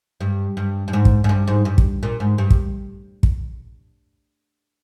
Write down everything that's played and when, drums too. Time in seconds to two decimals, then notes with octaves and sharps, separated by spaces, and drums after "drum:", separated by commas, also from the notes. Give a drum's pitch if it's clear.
0.20 G2
0.57 G2
0.88 G2
0.93 G#2
1.05 drum: kick
1.24 G#2
1.29 G2
1.48 G#2
1.65 G2
1.78 drum: kick
2.03 A#2
2.20 G#2
2.38 G2
2.50 drum: kick
3.23 drum: kick